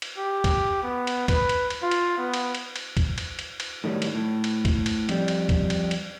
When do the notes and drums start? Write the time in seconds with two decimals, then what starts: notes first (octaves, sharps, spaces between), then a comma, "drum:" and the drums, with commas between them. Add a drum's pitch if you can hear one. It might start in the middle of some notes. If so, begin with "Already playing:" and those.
0.02 drum: cymbal
0.18 G4
0.44 drum: kick, cymbal
0.83 B3
1.07 drum: cymbal
1.28 B4, drum: kick, cymbal
1.49 drum: cymbal
1.70 drum: cymbal
1.82 F4
1.91 drum: cymbal
2.18 B3
2.34 drum: cymbal
2.55 drum: cymbal
2.76 drum: cymbal
2.97 drum: kick, cymbal
3.18 drum: cymbal
3.39 drum: cymbal
3.60 drum: cymbal
3.84 A2 D#3 F#3 G3
4.02 drum: cymbal
4.15 A2
4.44 drum: cymbal
4.65 drum: kick, cymbal
4.86 drum: cymbal
5.09 F2 G3, drum: cymbal
5.28 drum: cymbal
5.49 drum: kick, cymbal
5.70 drum: cymbal
5.91 drum: cymbal